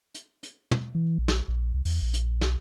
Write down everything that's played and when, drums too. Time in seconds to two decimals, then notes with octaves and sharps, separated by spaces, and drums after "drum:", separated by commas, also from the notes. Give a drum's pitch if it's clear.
0.14 drum: hi-hat
0.43 drum: hi-hat
0.71 drum: tom
0.95 E3
1.18 A#1
1.28 drum: snare
1.48 A#1
1.74 C2
1.85 E2, drum: open hi-hat
2.02 A#1
2.14 drum: hi-hat
2.41 B1, drum: snare